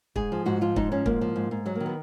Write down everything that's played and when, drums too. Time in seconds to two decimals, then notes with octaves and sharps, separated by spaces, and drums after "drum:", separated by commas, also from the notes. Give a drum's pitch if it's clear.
0.16 G#2 G#4, drum: kick
0.32 F3
0.46 G#2 F#4
0.61 F3 F4
0.76 G#2 D#4, drum: kick
0.92 F3 C#4
1.06 G#2 A#3, drum: kick
1.21 F3
1.36 G#2
1.51 G#2
1.66 F#3 G#3
1.75 A#3
1.80 D#3
1.86 B3